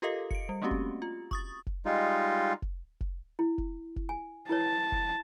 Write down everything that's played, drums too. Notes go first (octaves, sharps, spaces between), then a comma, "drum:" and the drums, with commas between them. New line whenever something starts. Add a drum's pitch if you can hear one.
F4 G4 A4 A#4 D#5 F5
C#7 D7, drum: kick F1
G3
A3 A#3 C4 C#4 F#4 G4
drum: kick F1
F4
C#6 D#6 A6, drum: kick F1
drum: kick F1
G3 G#3 D#4 F4
drum: kick F1
drum: kick F1
E4
drum: kick F1
drum: kick F1
G#5
E4 B4 C#5 A5
drum: kick F1